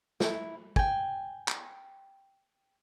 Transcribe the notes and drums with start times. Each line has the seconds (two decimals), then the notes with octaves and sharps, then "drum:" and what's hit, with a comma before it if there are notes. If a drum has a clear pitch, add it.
0.20 E4, drum: snare
0.76 G5 G#5, drum: kick
1.48 drum: clap